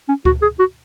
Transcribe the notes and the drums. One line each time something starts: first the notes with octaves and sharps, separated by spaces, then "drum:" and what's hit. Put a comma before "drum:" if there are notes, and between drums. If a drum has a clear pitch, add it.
C#4
F#4, drum: kick D2
G#4
F#4